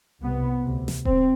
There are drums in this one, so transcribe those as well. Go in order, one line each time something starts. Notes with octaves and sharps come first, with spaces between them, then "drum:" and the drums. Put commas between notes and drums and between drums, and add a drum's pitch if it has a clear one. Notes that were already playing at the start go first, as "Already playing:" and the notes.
C2 C3 B3
D2 C3
drum: snare
C4, drum: kick D#1